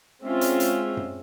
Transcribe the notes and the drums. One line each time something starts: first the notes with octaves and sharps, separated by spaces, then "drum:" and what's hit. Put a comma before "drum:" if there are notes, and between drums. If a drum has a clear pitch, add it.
G#3 C4 C#4 F4 E5
drum: hi-hat
drum: hi-hat
drum: tom F#2